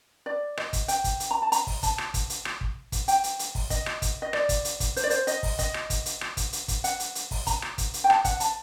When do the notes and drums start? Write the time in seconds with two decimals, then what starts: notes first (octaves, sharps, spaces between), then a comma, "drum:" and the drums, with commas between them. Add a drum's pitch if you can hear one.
0.26 D5
0.57 D#5, drum: rim click
0.73 drum: kick, hi-hat
0.88 G5, drum: hi-hat
1.04 drum: kick, hi-hat
1.20 drum: hi-hat
1.31 A#5
1.42 A5
1.52 A#5, drum: hi-hat
1.67 drum: kick, open hi-hat
1.83 A5, drum: kick, hi-hat
1.98 drum: rim click
2.14 drum: kick, hi-hat
2.30 drum: hi-hat
2.45 drum: rim click
2.61 drum: kick
2.92 drum: kick, hi-hat
3.08 G5, drum: hi-hat
3.24 drum: hi-hat
3.39 drum: hi-hat
3.55 drum: kick, open hi-hat
3.70 D#5, drum: kick, hi-hat
3.86 drum: rim click
4.02 drum: kick, hi-hat
4.22 D#5
4.33 D5, drum: rim click
4.49 drum: kick, hi-hat
4.65 drum: hi-hat
4.80 drum: kick, hi-hat
4.96 C5, drum: hi-hat
5.04 D5
5.10 C5, drum: hi-hat
5.27 D#5, drum: hi-hat
5.43 drum: kick, open hi-hat
5.59 D#5, drum: kick, hi-hat
5.74 drum: rim click
5.90 drum: kick, hi-hat
6.06 drum: hi-hat
6.21 drum: rim click
6.37 drum: kick, hi-hat
6.53 drum: hi-hat
6.68 drum: kick, hi-hat
6.84 F#5, drum: hi-hat
7.00 drum: hi-hat
7.15 drum: hi-hat
7.31 drum: kick, open hi-hat
7.47 A#5, drum: kick, hi-hat
7.62 drum: rim click
7.78 drum: kick, hi-hat
7.94 drum: hi-hat
8.04 G5
8.10 A5, drum: rim click
8.25 F#5, drum: kick, hi-hat
8.40 A5, drum: hi-hat